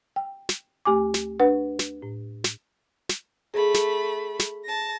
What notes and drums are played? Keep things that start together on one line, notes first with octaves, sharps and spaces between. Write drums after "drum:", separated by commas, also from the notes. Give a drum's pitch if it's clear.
G5
drum: snare
D2 A3 G4 G#5 D6
drum: snare
D4 B4 F#5
drum: snare
A2
drum: snare
drum: snare
A3 G#4 B5
drum: snare
drum: snare
A5 A#6